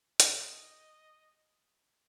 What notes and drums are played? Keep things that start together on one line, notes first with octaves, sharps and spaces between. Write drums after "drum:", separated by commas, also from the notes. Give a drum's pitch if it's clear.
D#5, drum: hi-hat